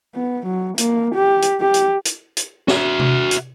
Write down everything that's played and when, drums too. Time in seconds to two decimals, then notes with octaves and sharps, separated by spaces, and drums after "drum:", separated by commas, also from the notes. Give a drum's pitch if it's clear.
0.15 B3
0.47 F#3
0.78 A#3, drum: hi-hat
1.15 G4
1.42 drum: hi-hat
1.61 G4
1.74 drum: hi-hat
2.05 drum: hi-hat
2.37 drum: hi-hat
2.68 F#4 E5, drum: snare
3.00 drum: tom C3
3.31 drum: hi-hat